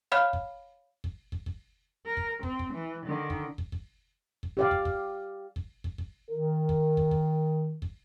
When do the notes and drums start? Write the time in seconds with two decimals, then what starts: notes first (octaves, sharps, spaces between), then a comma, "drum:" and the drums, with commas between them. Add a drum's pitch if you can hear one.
0.12 C#5 F5 B5 F6
0.33 drum: kick
1.04 drum: kick
1.32 drum: kick
1.46 drum: kick
2.06 A#4
2.17 drum: kick
2.43 C4, drum: kick
2.59 drum: kick
2.73 E3
3.06 D3 D#3
3.30 drum: kick
3.58 drum: kick
3.72 drum: kick
4.43 drum: kick
4.57 G4 D5 F5
4.71 drum: kick
4.85 drum: kick
5.56 drum: kick
5.84 drum: kick
5.98 drum: kick
6.31 D#3 A#4
6.69 drum: kick
6.97 drum: kick
7.11 drum: kick
7.82 drum: kick